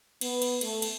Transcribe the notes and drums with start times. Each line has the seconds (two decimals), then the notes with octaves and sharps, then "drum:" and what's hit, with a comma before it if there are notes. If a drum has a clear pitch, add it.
0.21 B3, drum: cymbal
0.42 drum: cymbal
0.61 A3, drum: cymbal
0.82 drum: cymbal